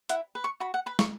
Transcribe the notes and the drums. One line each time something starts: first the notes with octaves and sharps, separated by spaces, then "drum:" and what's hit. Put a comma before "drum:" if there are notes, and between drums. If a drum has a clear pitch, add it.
E4 F#5, drum: hi-hat
B4
C#6
F#4 B5
F#5
B4 B5
C#6, drum: snare